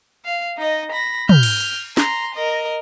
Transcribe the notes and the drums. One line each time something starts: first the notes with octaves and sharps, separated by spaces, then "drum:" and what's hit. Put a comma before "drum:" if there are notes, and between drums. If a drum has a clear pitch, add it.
F5
D#4 D#5
B5 A#6
F6 G6, drum: tom
drum: cymbal
A#5 C6, drum: snare
A#4 D#5